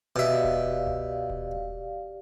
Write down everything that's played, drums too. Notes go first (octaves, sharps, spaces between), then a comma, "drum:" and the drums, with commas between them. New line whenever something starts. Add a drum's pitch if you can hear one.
B2 G4 D5 E5 F5
drum: kick D#1
drum: tom C2
drum: kick D#1